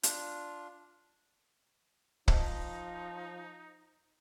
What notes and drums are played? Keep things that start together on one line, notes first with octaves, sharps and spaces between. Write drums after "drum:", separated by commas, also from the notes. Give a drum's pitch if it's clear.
D4 F4, drum: hi-hat
F3 D#4 C5 D#5 A5, drum: kick